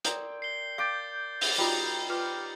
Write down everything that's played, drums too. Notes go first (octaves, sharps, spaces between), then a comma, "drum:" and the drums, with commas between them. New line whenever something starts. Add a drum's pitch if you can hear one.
A#4 D5 G5 A#5 C6 D#6, drum: hi-hat
C7 G7
F5 G5 D6 G6 A6
drum: open hi-hat
G3 D#4 F4 F#4
F4 B4 G5 C6 D6 F6